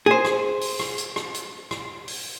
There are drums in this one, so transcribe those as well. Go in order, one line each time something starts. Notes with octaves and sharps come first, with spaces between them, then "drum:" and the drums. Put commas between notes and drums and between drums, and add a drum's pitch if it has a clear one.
G#4 C5
drum: rim click
drum: open hi-hat
drum: rim click
drum: hi-hat
drum: rim click
drum: hi-hat
drum: rim click
drum: open hi-hat